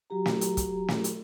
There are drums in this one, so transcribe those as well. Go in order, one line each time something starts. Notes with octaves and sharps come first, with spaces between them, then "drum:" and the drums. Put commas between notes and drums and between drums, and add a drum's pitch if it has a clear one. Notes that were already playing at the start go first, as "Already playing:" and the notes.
F#3 F#4 G4 A#5
drum: snare
drum: hi-hat
drum: kick, hi-hat
drum: snare
drum: hi-hat